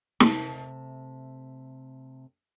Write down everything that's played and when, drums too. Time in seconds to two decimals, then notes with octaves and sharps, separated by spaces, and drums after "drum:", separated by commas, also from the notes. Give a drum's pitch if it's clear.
0.20 C3 A3 E5 A5, drum: snare